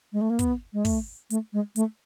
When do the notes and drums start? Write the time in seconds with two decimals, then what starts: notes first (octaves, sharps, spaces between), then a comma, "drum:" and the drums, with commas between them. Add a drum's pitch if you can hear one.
0.13 G#3
0.21 A3
0.30 A#3
0.39 B3, drum: kick, hi-hat
0.73 G#3
0.85 A3, drum: kick, open hi-hat
1.30 A3, drum: hi-hat
1.53 G#3
1.76 A3, drum: hi-hat